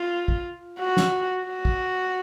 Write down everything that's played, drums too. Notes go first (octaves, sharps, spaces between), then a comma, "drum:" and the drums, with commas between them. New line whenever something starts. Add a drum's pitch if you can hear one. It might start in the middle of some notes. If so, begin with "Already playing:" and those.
Already playing: F4
drum: kick
F#4
drum: snare
F#4
drum: kick